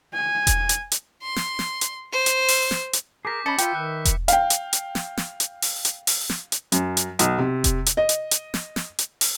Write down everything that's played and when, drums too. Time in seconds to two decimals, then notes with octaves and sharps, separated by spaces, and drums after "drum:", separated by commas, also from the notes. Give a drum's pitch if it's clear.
0.13 G#5
0.47 drum: kick E1, hi-hat
0.69 drum: hi-hat
0.92 drum: hi-hat
1.22 C6
1.36 drum: snare
1.59 drum: snare
1.81 drum: hi-hat
2.13 C5
2.26 drum: hi-hat
2.48 drum: open hi-hat
2.71 drum: snare
2.93 drum: hi-hat
3.25 G#4 A#4 D6 G6 B6
3.46 C#4 D#5 A5 B5 C#7
3.58 F4 B4 E5 G5, drum: hi-hat
3.75 D#3 F#6
4.05 drum: kick E1, hi-hat
4.28 F5 G5, drum: hi-hat
4.50 drum: hi-hat
4.73 drum: hi-hat
4.95 drum: snare
5.17 drum: snare
5.40 drum: hi-hat
5.62 drum: open hi-hat
5.85 drum: hi-hat
6.07 drum: open hi-hat
6.30 drum: snare
6.52 drum: hi-hat
6.72 F#2, drum: hi-hat
6.97 drum: hi-hat
7.19 B1, drum: hi-hat
7.38 C3
7.64 drum: kick E1, hi-hat
7.86 drum: hi-hat
7.97 D#5
8.09 drum: hi-hat
8.31 drum: hi-hat
8.54 drum: snare
8.76 drum: snare
8.98 drum: hi-hat
9.21 drum: open hi-hat